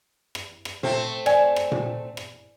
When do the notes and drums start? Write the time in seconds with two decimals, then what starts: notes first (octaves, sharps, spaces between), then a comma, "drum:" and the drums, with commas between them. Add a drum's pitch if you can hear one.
0.35 drum: rim click
0.65 drum: rim click
0.83 A3 C4, drum: tom A#2
1.26 D5 G#5, drum: rim click
1.56 drum: rim click
1.72 drum: tom A#2
2.17 drum: rim click